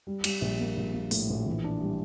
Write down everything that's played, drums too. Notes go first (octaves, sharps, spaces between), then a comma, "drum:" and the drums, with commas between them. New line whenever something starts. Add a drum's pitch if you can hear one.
G3
G3, drum: cymbal
A#1
A#3
A#1
A#3
A2, drum: open hi-hat
A#1
E3
D4
G3